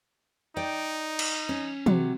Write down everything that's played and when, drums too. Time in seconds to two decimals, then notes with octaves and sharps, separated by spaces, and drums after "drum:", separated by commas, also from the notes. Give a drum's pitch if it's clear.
0.57 D#4 D5 G5
1.19 drum: cymbal
1.49 C#4
1.86 C3 F#3, drum: tom